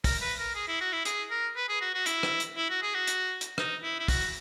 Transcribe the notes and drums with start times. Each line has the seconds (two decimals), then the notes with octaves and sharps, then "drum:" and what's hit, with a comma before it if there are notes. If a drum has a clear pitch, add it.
0.04 A#4, drum: kick, open hi-hat
0.21 B4
0.38 A#4
0.55 G#4
0.68 E4
0.81 F#4
0.93 E4
1.05 G#4, drum: hi-hat
1.30 A#4
1.56 B4
1.68 G#4
1.81 F#4
1.94 F#4
2.06 E4, drum: hi-hat
2.23 drum: rim click
2.40 drum: hi-hat
2.57 E4
2.69 F#4
2.82 G#4
2.94 F#4
3.07 drum: hi-hat
3.41 drum: hi-hat
3.58 D#4, drum: rim click
3.83 E4
3.99 E4
4.08 F#4, drum: kick, open hi-hat